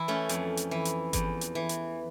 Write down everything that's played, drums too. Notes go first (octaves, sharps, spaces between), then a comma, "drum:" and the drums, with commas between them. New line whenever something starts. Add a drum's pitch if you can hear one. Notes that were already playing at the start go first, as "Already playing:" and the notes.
Already playing: E3 E4
A3 C#4
F2, drum: hi-hat
drum: hi-hat
E3
drum: hi-hat
E2, drum: kick G1, hi-hat
drum: hi-hat
E3
drum: hi-hat